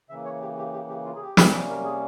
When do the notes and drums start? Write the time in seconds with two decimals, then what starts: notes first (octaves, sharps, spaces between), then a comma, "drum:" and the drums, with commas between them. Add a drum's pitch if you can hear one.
0.09 C#3 E3 A#3 E5
0.25 C#5
0.41 G4
0.58 G4
0.73 G4
0.89 G4
1.05 F4
1.16 G#4
1.22 G4
1.37 C3 G3 A#3 C#4, drum: snare
1.70 A#4
1.84 G#4